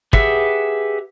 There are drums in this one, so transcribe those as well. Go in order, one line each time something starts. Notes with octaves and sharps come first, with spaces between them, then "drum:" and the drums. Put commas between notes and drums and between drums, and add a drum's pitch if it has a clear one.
G4 G#4 B4 E5 F#5, drum: kick